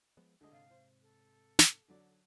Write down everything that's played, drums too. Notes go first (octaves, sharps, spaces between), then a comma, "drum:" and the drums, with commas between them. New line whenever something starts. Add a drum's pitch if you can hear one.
F3 G#3 B3
D2 D3 G3 G#3 D#5
G#2 C3 F5
C5
A4
drum: snare
D3 F#3 D5